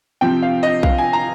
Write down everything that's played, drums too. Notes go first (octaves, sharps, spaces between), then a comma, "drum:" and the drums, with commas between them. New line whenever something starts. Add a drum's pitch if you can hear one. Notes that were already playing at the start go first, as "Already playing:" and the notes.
C3 F3 C4 G5
F5
D#5
F5, drum: kick B1
G#5
A#5